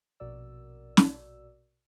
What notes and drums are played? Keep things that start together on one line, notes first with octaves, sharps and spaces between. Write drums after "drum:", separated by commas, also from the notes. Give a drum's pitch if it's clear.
A#1 B2 F#4 A#4 D5 E6
drum: snare